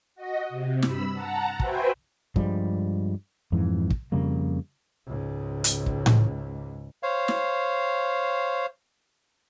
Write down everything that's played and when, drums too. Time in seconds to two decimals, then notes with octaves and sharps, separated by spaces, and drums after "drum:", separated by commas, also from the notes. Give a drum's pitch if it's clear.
0.15 F#4 D#5
0.49 C3
0.82 G2 B5 E6, drum: snare
1.13 F#5 A5 A#5
1.60 F#4 B4 C5 E5 G5 G#5, drum: kick
2.36 G2 F3 G3 G#3, drum: kick
3.52 F2 G#2 E3
3.90 drum: kick
4.12 F2 C#3 G3 A#3
5.06 C#2 G#2
5.64 drum: hi-hat
5.86 drum: kick
6.06 drum: tom A2
7.03 C5 C#5 F5
7.28 drum: snare